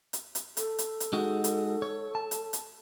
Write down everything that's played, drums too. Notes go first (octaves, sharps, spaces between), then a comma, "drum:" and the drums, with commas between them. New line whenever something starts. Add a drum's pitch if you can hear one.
drum: hi-hat
drum: hi-hat
A4, drum: hi-hat
drum: hi-hat
drum: hi-hat
G#3 D#4 F#4
drum: hi-hat
C#5
A5
drum: hi-hat
drum: hi-hat